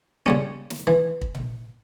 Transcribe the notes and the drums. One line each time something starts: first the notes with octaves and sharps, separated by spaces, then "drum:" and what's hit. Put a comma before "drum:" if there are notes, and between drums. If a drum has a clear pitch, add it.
C#3 G3 C#4
drum: snare
E3
drum: kick
drum: tom A#2